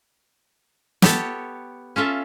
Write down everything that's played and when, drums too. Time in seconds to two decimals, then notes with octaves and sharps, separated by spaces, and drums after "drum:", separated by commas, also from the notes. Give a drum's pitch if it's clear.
1.02 B3 G4 A4 C#5 A5, drum: snare
1.96 C#4 F4 A4 E5